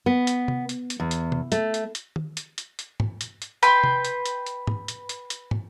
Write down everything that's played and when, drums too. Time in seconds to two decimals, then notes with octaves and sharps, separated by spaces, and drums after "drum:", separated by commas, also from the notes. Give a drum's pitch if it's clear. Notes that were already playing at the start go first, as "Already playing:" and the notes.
0.06 B3
0.27 drum: hi-hat
0.48 drum: tom C3
0.69 drum: hi-hat
0.90 drum: hi-hat
1.00 E2
1.11 drum: hi-hat
1.32 drum: tom C3
1.52 A3, drum: hi-hat
1.74 drum: hi-hat
1.95 drum: hi-hat
2.16 drum: tom D#3
2.37 drum: hi-hat
2.58 drum: hi-hat
2.79 drum: hi-hat
3.00 drum: tom
3.21 drum: hi-hat
3.42 drum: hi-hat
3.63 B4 G5 C6, drum: hi-hat
3.84 drum: tom C3
4.05 drum: hi-hat
4.26 drum: hi-hat
4.46 drum: hi-hat
4.67 drum: tom
4.88 drum: hi-hat
5.09 drum: hi-hat
5.30 drum: hi-hat
5.51 drum: tom